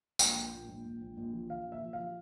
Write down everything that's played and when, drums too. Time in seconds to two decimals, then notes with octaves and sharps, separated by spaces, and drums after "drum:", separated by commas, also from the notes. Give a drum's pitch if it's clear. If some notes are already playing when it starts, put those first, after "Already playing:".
0.19 A#1 G5, drum: tambourine
0.35 A#1
0.53 A#2
0.69 A#1
0.85 A#1
1.01 A#1
1.17 A#1
1.34 F3
1.50 F3 F5
1.67 A#2
1.72 E5
1.82 F3
1.93 F5
1.98 F3